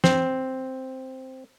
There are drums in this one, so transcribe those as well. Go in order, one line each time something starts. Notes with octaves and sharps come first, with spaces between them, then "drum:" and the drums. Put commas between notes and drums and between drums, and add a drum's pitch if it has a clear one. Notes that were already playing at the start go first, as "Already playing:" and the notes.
C4, drum: snare